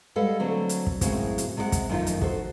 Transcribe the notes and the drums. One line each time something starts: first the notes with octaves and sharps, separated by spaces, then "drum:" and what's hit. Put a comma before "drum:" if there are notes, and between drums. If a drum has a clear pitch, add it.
G3 G#3 A4 B4 F5 F#5
D3 F#3 A3 C4
drum: hi-hat
drum: kick
F#2 A2 C#3 G#3 C4 F#4, drum: kick, hi-hat
drum: hi-hat
C3 G#3 C5 C#5 F#5
drum: kick, hi-hat
F#2 D#3 F3 A3 D#4 F4
drum: hi-hat
F#4 A4 C5, drum: kick